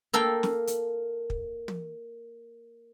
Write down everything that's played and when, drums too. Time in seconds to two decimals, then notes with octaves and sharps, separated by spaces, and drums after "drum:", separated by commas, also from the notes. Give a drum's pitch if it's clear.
0.13 A#3 A4 A#4 G5
0.43 drum: snare
0.67 drum: hi-hat
1.30 drum: kick
1.68 drum: tom